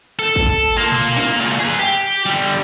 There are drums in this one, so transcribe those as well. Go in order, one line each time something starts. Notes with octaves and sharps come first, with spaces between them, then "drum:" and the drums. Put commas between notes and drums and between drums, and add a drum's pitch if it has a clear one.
A4
drum: kick
A#3 F4
drum: tom A#2
drum: snare
A#2 C#3
G#4 B4
G4
D3 G3